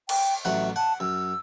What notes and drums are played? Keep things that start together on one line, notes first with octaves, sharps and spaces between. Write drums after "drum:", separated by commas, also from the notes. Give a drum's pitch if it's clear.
G5, drum: cymbal
A1 F#3 E5 F#5
F#5 A5
F#2 E6